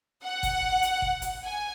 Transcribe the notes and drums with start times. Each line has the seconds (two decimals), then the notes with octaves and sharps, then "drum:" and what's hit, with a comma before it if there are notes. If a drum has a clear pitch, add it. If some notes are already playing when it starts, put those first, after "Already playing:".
0.23 F#5
0.43 drum: kick G1, hi-hat
0.82 drum: hi-hat
1.02 drum: kick G1
1.22 drum: hi-hat
1.42 G#5